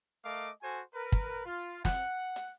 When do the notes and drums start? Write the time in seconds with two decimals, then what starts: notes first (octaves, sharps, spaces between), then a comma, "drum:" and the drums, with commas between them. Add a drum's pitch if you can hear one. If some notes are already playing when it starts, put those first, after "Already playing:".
0.25 A3 A#4 D#5 F5 D6
0.63 F#4 A4 C5 G#5
0.94 A#4 B4
1.12 drum: kick
1.46 F4
1.85 F#5, drum: snare
2.36 drum: hi-hat